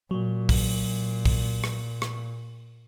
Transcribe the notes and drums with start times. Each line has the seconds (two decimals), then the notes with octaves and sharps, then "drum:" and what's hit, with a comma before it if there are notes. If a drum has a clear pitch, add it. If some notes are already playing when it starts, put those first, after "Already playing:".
0.11 A#2 F#3
0.49 drum: kick, open hi-hat
1.25 drum: kick, open hi-hat
1.64 drum: rim click
2.02 drum: rim click